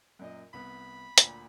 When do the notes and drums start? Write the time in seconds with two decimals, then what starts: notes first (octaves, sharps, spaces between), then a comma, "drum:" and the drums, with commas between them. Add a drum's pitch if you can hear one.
0.19 F#2 A#2 D#5
0.53 C2 B3 B5
1.18 D2 A#2, drum: hi-hat